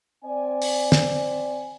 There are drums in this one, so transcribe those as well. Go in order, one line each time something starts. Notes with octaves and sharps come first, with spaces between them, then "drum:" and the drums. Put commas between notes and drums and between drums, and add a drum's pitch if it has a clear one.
C4 D5 G#5
drum: open hi-hat
drum: snare